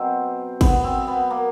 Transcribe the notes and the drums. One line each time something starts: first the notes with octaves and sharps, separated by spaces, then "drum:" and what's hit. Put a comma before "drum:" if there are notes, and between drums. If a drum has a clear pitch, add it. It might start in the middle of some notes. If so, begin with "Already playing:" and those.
Already playing: B2 F#3 C4
B3, drum: kick, cymbal
C4
B3
A#3